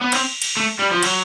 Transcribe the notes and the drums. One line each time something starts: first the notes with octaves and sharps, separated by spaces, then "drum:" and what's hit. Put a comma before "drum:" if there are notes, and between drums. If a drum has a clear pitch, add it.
B3
C4, drum: cymbal
drum: cymbal
A3
G3
F3
F#3, drum: cymbal